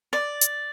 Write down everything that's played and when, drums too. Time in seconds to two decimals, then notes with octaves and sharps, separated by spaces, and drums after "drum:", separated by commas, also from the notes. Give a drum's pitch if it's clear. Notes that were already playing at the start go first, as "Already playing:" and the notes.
0.13 D5
0.41 drum: hi-hat